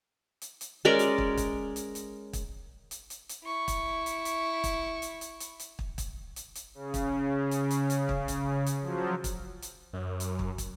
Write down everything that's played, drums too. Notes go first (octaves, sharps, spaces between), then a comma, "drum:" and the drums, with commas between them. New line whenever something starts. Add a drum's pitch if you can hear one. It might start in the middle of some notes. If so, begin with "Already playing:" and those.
drum: hi-hat
drum: hi-hat
G#3 C#4 A#4 D5
drum: hi-hat
drum: kick
drum: kick, hi-hat
drum: hi-hat
drum: hi-hat
drum: kick, hi-hat
drum: hi-hat
drum: hi-hat
drum: hi-hat
E4 C#6
drum: kick, hi-hat
drum: hi-hat
drum: hi-hat
drum: kick, hi-hat
drum: hi-hat
drum: hi-hat
drum: hi-hat
drum: hi-hat
drum: kick
drum: kick, hi-hat
drum: hi-hat
drum: hi-hat
C#3
drum: kick, hi-hat
drum: hi-hat
drum: hi-hat
drum: hi-hat
drum: kick
drum: kick, hi-hat
drum: hi-hat
F3 F#3
drum: kick, hi-hat
drum: hi-hat
F#2
drum: hi-hat
drum: kick
drum: kick, hi-hat